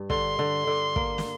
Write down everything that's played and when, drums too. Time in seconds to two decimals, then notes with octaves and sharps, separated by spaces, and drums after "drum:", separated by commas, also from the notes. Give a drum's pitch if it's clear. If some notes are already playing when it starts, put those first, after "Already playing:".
Already playing: G2
0.10 D3 C6, drum: kick
0.39 D3
0.67 D3
0.96 A#3, drum: kick
1.18 drum: snare